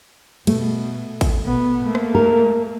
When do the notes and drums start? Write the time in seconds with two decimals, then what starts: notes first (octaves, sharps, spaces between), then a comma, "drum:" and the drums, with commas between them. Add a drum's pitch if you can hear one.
0.47 B2 A3, drum: cymbal
1.21 drum: kick A1, cymbal
1.45 B2 B3
1.83 A3 A#3
1.95 drum: rim click
2.15 A#4